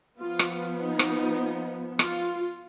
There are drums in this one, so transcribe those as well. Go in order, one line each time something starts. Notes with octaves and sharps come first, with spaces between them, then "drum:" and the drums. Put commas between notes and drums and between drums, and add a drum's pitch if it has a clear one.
F3 B3 F4
drum: rim click
D#4
drum: rim click
F4, drum: rim click